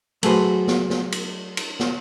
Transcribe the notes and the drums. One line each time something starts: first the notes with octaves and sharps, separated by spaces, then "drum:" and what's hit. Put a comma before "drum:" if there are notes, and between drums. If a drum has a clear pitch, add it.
F#3 A3 G#4 B4 C5, drum: cymbal
drum: snare
drum: snare
drum: cymbal
drum: cymbal
drum: snare